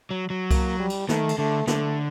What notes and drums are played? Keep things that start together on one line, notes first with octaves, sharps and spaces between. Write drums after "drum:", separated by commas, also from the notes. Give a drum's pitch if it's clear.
F#3
F#3
A#3, drum: kick C2, cymbal
G3
drum: cymbal
D#3 A3, drum: snare
drum: cymbal
D3 A3
D3 A3, drum: snare